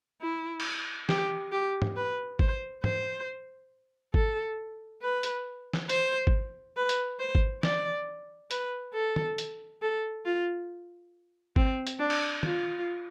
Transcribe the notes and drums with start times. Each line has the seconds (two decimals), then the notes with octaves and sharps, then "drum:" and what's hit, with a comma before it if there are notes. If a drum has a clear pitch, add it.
0.22 E4
0.60 drum: cymbal
1.09 G4, drum: snare
1.52 G4
1.82 drum: tom
1.96 B4
2.39 C5, drum: kick G#1
2.84 C5, drum: tom
4.14 A4, drum: kick G#1
5.02 B4
5.23 drum: hi-hat
5.74 drum: snare
5.89 C5, drum: hi-hat
6.27 drum: kick G#1
6.76 B4
6.89 drum: hi-hat
7.19 C5
7.35 drum: kick G#1
7.63 D5, drum: snare
8.51 B4, drum: hi-hat
8.95 A4
9.16 drum: tom
9.38 drum: hi-hat
9.82 A4
10.25 F4
11.56 C4, drum: kick G#1
11.87 drum: hi-hat
12.00 D4
12.10 drum: cymbal
12.43 F4, drum: tom